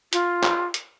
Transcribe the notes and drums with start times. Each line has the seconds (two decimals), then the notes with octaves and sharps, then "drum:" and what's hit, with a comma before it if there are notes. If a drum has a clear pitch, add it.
0.13 F4, drum: hi-hat
0.43 drum: clap
0.74 drum: hi-hat